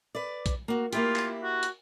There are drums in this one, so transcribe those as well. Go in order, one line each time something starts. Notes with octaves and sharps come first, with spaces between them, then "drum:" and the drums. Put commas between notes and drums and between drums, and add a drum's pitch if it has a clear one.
B4 D5
drum: kick B1, hi-hat
A#3 F#4
A#3 E4 F4 G4, drum: hi-hat
drum: clap
F#4
drum: hi-hat